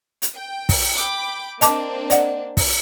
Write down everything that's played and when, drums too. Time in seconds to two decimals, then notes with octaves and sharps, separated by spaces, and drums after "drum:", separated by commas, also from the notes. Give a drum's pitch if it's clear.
0.22 drum: hi-hat
0.36 G5
0.69 drum: kick, open hi-hat
0.95 G5 B5 D6
1.61 A#3 C4 D4 D#5 A5 D6, drum: hi-hat
2.10 D5 D#5 F#5, drum: hi-hat
2.57 drum: kick, open hi-hat